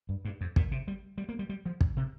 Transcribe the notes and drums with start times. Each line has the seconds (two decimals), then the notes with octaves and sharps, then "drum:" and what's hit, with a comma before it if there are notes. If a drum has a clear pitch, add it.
0.09 G2
0.25 G2
0.41 F2
0.56 A#2, drum: kick
0.72 C3
0.88 G3
1.18 G3
1.29 A#3
1.39 G3
1.49 G3
1.66 F3
1.81 drum: kick
1.97 C3